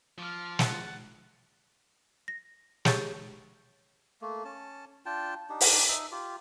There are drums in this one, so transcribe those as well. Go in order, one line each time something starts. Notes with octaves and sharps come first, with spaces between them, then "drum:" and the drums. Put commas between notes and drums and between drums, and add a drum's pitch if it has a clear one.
F3 D6 F6
F#5 A6, drum: snare
A#6
G4 G#4 C#5 C#6 G6 A6, drum: snare
A3 A#3
C#4 A5
D4 F4 G5 A5
D4 D#4 G4
drum: open hi-hat
D#4 E5
F4 G4